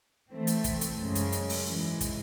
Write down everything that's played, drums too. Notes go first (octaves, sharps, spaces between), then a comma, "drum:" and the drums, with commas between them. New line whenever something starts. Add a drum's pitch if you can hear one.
E3 A3 C4
drum: hi-hat
drum: kick, hi-hat
drum: hi-hat
F#2 C#3 G#3
drum: hi-hat
drum: hi-hat
drum: open hi-hat
G#2 E3 G#3
drum: kick, hi-hat